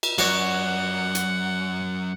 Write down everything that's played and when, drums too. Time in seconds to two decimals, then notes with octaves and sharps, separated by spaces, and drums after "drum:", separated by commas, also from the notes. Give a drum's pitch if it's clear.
0.03 drum: cymbal
0.18 F#2 F#4 C#5 D5 F#5, drum: cymbal
1.15 drum: hi-hat